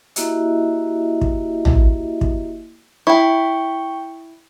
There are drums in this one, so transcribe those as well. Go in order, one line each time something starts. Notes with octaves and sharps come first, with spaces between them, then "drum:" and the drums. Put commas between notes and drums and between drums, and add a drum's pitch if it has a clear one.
A#3 E4 F#4 G4 D#5 E5, drum: hi-hat
drum: kick
drum: tom
drum: kick
E4 G5 C#6